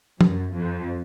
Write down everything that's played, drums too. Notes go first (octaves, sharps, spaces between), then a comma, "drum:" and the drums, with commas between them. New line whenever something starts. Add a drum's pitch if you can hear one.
F#2, drum: tom
F2